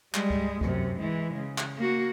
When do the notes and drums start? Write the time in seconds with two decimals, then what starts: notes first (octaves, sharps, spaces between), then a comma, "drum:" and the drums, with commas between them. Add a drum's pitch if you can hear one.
0.14 G3 G#3, drum: clap
0.30 drum: kick C#2
0.61 F#2 C3, drum: kick C#2
0.99 E3 G#3
1.34 C#3
1.58 drum: clap
1.77 A#3 F#4